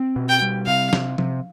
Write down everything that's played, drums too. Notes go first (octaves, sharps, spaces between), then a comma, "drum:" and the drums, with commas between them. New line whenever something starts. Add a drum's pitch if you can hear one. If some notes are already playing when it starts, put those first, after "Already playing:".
Already playing: C4
B2
G5
G3
C3 F5
C3, drum: snare
C3, drum: tom F3